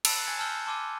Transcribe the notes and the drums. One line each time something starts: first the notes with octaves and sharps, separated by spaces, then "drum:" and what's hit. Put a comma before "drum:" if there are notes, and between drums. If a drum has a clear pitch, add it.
A5 B5 E6 F#6 A6 C#7, drum: cymbal
G#5 F#6 G#6 A6 C#7
A5 E6 F6 G6 G7
A5 C6 D6 E6 D#7